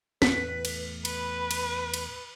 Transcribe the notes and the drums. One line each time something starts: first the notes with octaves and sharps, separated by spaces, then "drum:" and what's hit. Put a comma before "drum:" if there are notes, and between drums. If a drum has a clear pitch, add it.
E2 A2 A3 B4 B6, drum: snare
drum: cymbal
B4 B5, drum: cymbal
drum: cymbal
drum: cymbal